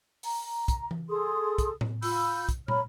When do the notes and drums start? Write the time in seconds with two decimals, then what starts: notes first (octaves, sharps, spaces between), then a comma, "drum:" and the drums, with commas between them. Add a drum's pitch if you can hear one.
0.23 A#5, drum: open hi-hat
0.68 drum: kick, hi-hat
0.91 drum: tom E3
1.08 G#4 A4 C6 D#6
1.58 drum: kick, hi-hat
1.81 drum: tom A2
2.02 F4 B5 E6 G6, drum: open hi-hat
2.49 drum: kick, hi-hat
2.68 C#5 A#5 B5 F6, drum: tom